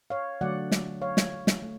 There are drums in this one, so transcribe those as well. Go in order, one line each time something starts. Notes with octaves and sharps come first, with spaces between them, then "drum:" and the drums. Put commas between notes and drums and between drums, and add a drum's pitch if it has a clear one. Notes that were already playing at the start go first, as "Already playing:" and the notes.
C#5 F5
D3 F#3 A3 D5 F#5
drum: snare
C#5 F5
drum: snare
drum: snare
A3